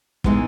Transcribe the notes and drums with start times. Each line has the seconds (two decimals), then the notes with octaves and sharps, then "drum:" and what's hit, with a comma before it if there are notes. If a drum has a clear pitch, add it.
0.24 A2 E3 G#3 B3 D#4, drum: kick